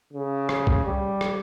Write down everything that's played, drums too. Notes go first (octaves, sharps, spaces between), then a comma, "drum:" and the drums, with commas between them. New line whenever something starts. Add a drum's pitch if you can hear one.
C#3
drum: rim click
drum: kick
G3
drum: rim click